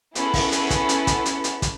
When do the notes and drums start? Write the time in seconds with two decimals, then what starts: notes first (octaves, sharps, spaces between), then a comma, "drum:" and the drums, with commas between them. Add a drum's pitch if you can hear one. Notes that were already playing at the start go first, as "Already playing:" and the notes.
0.15 B3 C#4 E4 G#4 A4, drum: hi-hat
0.34 drum: kick, open hi-hat
0.52 drum: hi-hat
0.70 drum: kick, hi-hat
0.89 drum: hi-hat
1.07 drum: kick, hi-hat
1.25 drum: hi-hat
1.44 drum: hi-hat
1.62 drum: kick, hi-hat